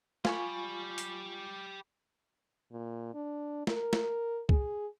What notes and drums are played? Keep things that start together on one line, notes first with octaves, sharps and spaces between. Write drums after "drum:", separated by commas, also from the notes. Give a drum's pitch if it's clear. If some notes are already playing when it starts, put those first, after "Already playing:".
F4 G4 G#5 B5 C#6, drum: snare
drum: hi-hat
A#2
D4
A#4, drum: snare
drum: snare
G#4, drum: kick C2